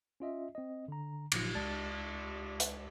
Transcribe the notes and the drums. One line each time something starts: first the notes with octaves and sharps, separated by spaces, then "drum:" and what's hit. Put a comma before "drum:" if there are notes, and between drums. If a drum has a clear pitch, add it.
C#4 F4 D#5 E5
C4 D#5
D3 A#5
G1 A#2 F3 F#3 D#4 F4, drum: cymbal
C#2 G#3 D5 A5 A6
drum: hi-hat